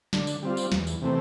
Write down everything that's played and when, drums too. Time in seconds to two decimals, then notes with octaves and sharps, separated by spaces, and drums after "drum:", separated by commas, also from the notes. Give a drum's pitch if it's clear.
0.13 D3, drum: snare
0.27 drum: tambourine
0.43 G3 C4 F4
0.57 drum: tambourine
0.72 E2, drum: snare
0.87 drum: tambourine
1.01 C3 E3 A3 C4